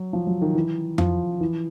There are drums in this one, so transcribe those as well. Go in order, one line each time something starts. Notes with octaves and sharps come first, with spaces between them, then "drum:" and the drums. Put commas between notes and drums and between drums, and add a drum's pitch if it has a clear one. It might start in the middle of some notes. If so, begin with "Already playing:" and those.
Already playing: F#3
F3
F#3
D#3
E3
F3, drum: tom F2
E3